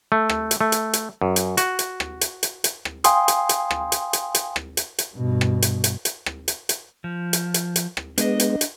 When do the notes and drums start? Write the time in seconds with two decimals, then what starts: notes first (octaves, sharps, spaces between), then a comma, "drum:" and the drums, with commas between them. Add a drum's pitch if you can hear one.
0.12 A3
0.29 drum: rim click
0.51 drum: hi-hat
0.61 A3
0.72 drum: hi-hat
0.93 drum: hi-hat
1.22 F#2
1.36 drum: hi-hat
1.57 F#4, drum: hi-hat
1.79 drum: hi-hat
2.00 drum: rim click
2.21 drum: hi-hat
2.43 drum: hi-hat
2.64 drum: hi-hat
2.85 drum: rim click
3.04 F5 G5 G#5 C6 D#6, drum: hi-hat
3.28 drum: hi-hat
3.49 drum: hi-hat
3.71 drum: rim click
3.92 drum: hi-hat
4.13 drum: hi-hat
4.35 drum: hi-hat
4.56 drum: rim click
4.77 drum: hi-hat
4.98 drum: hi-hat
5.15 G2 B2
5.41 drum: rim click
5.62 drum: hi-hat
5.84 drum: hi-hat
6.05 drum: hi-hat
6.26 drum: rim click
6.48 drum: hi-hat
6.69 drum: hi-hat
7.04 F3
7.33 drum: hi-hat
7.54 drum: hi-hat
7.76 drum: hi-hat
7.97 drum: rim click
8.18 G#3 B3 D4 D#5, drum: hi-hat
8.40 drum: hi-hat
8.61 drum: hi-hat